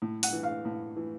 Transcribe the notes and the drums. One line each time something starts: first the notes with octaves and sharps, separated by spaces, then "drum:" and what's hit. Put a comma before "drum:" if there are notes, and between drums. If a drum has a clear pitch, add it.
A2
F#5, drum: open hi-hat
E3
F5
A2
E3